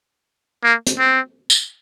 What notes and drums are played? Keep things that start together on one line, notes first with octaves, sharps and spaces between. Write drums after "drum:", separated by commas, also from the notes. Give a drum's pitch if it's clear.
A#3
drum: hi-hat
C4
drum: tambourine